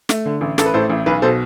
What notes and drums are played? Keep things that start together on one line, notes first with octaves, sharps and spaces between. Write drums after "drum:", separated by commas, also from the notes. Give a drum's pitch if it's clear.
A3, drum: snare
D3
A1
A1 A4, drum: snare
B4
A2 A4 C5
A1
B1 B4
B2 A4 C5